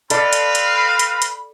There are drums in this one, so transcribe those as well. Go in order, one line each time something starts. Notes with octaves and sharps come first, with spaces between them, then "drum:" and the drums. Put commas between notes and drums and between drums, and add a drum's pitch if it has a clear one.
C4 A4 B4 D5 F5 B5, drum: hi-hat
drum: hi-hat
drum: hi-hat
drum: hi-hat
drum: hi-hat